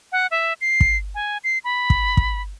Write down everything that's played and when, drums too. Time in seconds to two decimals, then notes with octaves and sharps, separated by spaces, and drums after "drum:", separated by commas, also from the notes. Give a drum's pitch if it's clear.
0.12 F#5
0.31 E5
0.61 C7
0.81 drum: kick
1.15 G#5
1.44 C7
1.64 B5
1.90 drum: kick
2.17 drum: kick